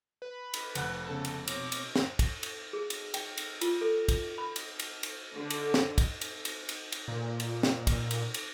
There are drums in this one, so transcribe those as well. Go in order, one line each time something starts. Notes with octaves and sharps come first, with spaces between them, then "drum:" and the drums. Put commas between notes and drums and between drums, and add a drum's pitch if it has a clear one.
B4
drum: cymbal
F1 F#5 F#6, drum: cymbal
C#3 B3 C#4 A4
drum: cymbal
B2 C4 C#5 D6, drum: cymbal
drum: cymbal
drum: snare
drum: kick, cymbal
drum: cymbal
G#4
drum: cymbal
G5, drum: cymbal
drum: cymbal
F4, drum: cymbal
A4
drum: kick, cymbal
B5
drum: cymbal
drum: cymbal
drum: cymbal
D3
drum: cymbal
drum: snare
drum: kick, cymbal
drum: cymbal
drum: cymbal
drum: cymbal
drum: cymbal
A#2
drum: cymbal
drum: snare
drum: kick, cymbal
drum: cymbal
drum: cymbal